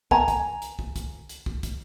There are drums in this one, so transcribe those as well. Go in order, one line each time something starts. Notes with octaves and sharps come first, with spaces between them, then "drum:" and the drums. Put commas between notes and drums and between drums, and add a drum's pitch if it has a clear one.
G#5 A#5, drum: kick
drum: kick, hi-hat
drum: hi-hat
drum: kick
drum: kick, hi-hat
drum: hi-hat
drum: kick
drum: kick, hi-hat